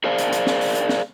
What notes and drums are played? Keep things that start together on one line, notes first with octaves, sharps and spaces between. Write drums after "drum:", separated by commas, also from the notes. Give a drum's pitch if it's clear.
G#4 A#4 C5 D5 F5 A5
drum: hi-hat
drum: hi-hat
drum: snare
drum: open hi-hat
drum: hi-hat
drum: snare